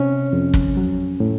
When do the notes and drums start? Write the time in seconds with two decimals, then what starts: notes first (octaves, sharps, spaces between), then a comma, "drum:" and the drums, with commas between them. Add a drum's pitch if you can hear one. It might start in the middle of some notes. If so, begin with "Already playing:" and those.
Already playing: C3 C#4
0.33 F2
0.54 drum: kick
0.77 F#3
1.20 A2